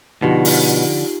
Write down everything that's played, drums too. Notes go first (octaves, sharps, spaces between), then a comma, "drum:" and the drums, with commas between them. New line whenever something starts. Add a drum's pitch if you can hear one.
B2 D3 F3 D#4 F4 G4
drum: open hi-hat